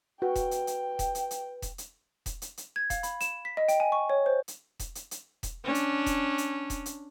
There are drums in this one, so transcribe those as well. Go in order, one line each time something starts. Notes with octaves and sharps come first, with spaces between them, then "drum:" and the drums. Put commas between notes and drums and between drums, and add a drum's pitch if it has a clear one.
F#4 B4 G5
drum: kick E1, hi-hat
drum: hi-hat
drum: hi-hat
drum: kick E1, hi-hat
drum: hi-hat
drum: hi-hat
drum: kick E1, hi-hat
drum: hi-hat
drum: kick E1, hi-hat
drum: hi-hat
drum: hi-hat
G#6
F5, drum: kick E1, hi-hat
B5, drum: hi-hat
E7, drum: hi-hat
B6
D#5
G5, drum: hi-hat
G#5
C#6
C#5
C5
drum: hi-hat
drum: kick E1, hi-hat
drum: hi-hat
drum: hi-hat
drum: kick E1, hi-hat
C#4 D4
drum: hi-hat
drum: kick E1, hi-hat
drum: hi-hat
drum: kick E1, hi-hat
drum: hi-hat